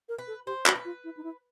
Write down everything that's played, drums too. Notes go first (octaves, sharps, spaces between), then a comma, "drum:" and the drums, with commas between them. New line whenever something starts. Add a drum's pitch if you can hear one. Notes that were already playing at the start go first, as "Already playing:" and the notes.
A#4
B4
A4
G4 C5
F#4, drum: clap
B4
F4
E4
D#4
E4